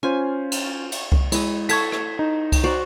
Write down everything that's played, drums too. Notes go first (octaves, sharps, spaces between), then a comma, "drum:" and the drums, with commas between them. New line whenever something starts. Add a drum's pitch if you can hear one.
C#4 F4 C5 G#5
drum: cymbal
drum: cymbal
drum: kick C2
G#3 E4 D#5, drum: cymbal
A4 C#6 G#6 B6, drum: cymbal
drum: rim click
D#4
drum: kick C2, cymbal
F#4 C5 D5